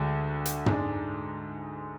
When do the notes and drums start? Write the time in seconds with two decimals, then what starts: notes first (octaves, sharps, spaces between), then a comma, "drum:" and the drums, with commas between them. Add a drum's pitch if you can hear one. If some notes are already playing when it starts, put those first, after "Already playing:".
Already playing: D2 D3 G#3 D4 F#4
0.45 drum: hi-hat
0.66 G#2 G#3 D4, drum: tom